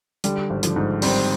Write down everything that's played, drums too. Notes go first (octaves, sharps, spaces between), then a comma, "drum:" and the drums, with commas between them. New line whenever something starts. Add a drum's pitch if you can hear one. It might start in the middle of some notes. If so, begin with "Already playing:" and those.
D3 G3, drum: hi-hat
G#1
D3 F3, drum: hi-hat
G#2
D#3 G3 C4, drum: open hi-hat